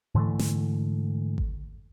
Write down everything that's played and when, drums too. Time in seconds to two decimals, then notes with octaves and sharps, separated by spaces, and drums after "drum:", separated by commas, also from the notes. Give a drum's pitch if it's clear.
0.15 G#2 D3 E3 A3
0.39 drum: snare
1.38 drum: kick G#1